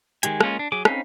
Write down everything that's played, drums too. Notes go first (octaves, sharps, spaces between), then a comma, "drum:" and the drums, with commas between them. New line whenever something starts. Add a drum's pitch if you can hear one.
D#3 G#3 G4 G#5, drum: hi-hat
G#3 A#3 C#4 F4, drum: rim click
D4
F#3 G#4 D6
C4 C#4 D#4 F5 B5, drum: rim click